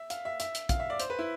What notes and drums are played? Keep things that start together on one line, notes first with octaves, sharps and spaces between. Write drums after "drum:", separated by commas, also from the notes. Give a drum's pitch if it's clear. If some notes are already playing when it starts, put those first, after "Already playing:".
Already playing: E5
F5, drum: hi-hat
E5
E5, drum: hi-hat
drum: hi-hat
F5, drum: kick, hi-hat
E5
D5
C5, drum: hi-hat
B4
E4